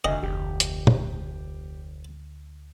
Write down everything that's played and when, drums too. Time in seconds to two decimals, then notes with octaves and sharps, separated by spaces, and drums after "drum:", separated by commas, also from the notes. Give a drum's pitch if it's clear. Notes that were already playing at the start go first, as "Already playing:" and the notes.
0.05 F1 D2 D#5
0.23 F1 D2 G4
0.60 drum: hi-hat
0.87 drum: tom A#2